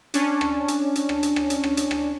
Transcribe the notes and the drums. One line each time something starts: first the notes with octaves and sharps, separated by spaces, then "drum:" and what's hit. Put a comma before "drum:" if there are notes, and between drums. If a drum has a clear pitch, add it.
C#4 D4, drum: hi-hat
drum: rim click
drum: hi-hat
drum: hi-hat
drum: rim click
drum: hi-hat
drum: rim click
drum: hi-hat
drum: rim click
drum: hi-hat
drum: rim click